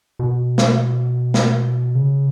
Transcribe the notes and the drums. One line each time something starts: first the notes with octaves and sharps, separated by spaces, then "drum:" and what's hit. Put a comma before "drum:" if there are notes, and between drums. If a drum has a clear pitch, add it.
B2
drum: snare
drum: snare
C#3